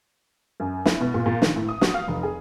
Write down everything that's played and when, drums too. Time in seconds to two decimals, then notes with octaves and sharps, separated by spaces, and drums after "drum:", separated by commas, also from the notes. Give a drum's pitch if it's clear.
0.60 F#2
0.86 E4, drum: snare
1.00 B2
1.14 A#2
1.26 A#2
1.42 D#3, drum: snare
1.56 A2
1.68 D#6
1.81 F#4, drum: snare
1.94 F5
2.07 F1
2.23 G#4